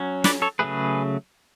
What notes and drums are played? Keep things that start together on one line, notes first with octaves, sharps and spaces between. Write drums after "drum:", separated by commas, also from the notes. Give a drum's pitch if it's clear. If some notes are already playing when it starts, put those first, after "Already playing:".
Already playing: F#3 C#4
B4 D5, drum: snare
A4 C#5
C#3 F#3 A3 G#4 B4